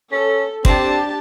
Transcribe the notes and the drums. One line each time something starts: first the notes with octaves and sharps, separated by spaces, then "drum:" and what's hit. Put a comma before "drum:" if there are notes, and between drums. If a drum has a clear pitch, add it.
C#4 A4
C4 D4 G4 A5, drum: kick